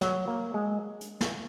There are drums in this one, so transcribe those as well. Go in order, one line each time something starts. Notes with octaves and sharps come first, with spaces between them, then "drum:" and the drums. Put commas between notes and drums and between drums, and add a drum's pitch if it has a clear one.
F#3, drum: snare
A#3
G#3
drum: hi-hat
drum: snare